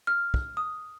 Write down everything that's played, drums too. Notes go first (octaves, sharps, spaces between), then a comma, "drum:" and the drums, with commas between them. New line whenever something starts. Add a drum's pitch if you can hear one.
F6
drum: kick
D#6